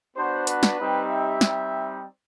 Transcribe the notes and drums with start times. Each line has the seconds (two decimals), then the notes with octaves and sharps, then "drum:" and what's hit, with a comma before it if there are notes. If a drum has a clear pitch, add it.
0.16 B3 D4 F#4 C5
0.47 B4, drum: hi-hat
0.63 drum: snare
0.78 G3 C4 D#4 G4
1.10 E5
1.41 G3 C4 D#4, drum: snare